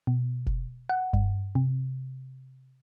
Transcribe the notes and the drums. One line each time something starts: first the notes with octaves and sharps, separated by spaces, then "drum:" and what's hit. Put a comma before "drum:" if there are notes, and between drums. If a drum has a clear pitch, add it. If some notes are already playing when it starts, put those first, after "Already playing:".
B2
drum: kick F1
F#5
G2, drum: kick F1
C3